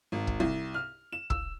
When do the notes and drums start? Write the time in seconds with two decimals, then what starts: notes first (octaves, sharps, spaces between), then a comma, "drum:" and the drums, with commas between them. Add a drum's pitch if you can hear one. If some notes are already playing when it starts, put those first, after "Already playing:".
0.12 G#1
0.27 drum: kick
0.40 C2
0.74 F6
1.12 E7
1.30 E6, drum: kick